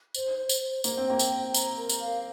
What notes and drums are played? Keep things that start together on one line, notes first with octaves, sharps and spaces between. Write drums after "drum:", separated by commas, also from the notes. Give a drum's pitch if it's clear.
C5, drum: tambourine
C5
drum: tambourine
C5
A#3 C5, drum: tambourine
C4
A#3 G5
drum: tambourine
C5
A#5, drum: tambourine
A#4
drum: tambourine
F5